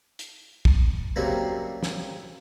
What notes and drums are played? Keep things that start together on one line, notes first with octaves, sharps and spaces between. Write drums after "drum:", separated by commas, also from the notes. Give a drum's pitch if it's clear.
drum: hi-hat
drum: kick
C#3 F#3 G3 A3 A#3 C4
drum: snare